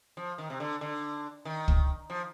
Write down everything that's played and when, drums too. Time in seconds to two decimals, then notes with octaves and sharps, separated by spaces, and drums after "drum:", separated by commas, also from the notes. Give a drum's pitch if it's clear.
0.17 F3
0.38 D#3
0.50 C3
0.60 D3
0.81 D3
1.45 D#3
1.68 drum: kick
2.10 F3